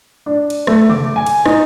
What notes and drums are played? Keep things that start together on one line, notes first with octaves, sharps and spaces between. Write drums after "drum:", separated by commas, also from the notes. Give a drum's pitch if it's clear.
D4
drum: cymbal
A3, drum: rim click
D6, drum: tom C3
G#5
drum: cymbal
D#4, drum: rim click